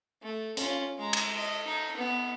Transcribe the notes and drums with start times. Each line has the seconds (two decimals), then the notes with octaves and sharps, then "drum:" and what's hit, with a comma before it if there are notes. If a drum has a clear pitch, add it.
0.23 A3
0.57 C#4 F4, drum: hi-hat
0.98 G#3 A#5
1.13 drum: cymbal
1.37 D#5
1.66 D#4
1.96 B3